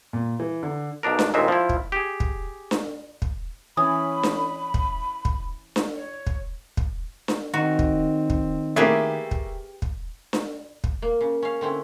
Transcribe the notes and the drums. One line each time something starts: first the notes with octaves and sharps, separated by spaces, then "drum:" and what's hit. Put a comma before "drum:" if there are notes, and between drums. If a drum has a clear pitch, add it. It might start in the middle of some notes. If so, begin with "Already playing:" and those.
A#2
E3
D3
B1 B2 D4 A#4
drum: snare D4
D#2 A#2 G#3 C4 E5
F3 E4
drum: kick
G4 G#4
drum: kick
drum: snare D4
drum: kick
E3 C#4 B5 D#6
drum: snare D4
drum: kick
drum: kick
drum: snare D4
C#5
drum: kick
drum: kick
drum: snare D4
D#3 C4 D#4 F#4 A#4
drum: kick
drum: kick
A3 A#3 E4 G4 G#4 B4
drum: kick
drum: kick
drum: snare D4
drum: kick
A#3
C#3
C#4 F5
D3 C4 C#4 E4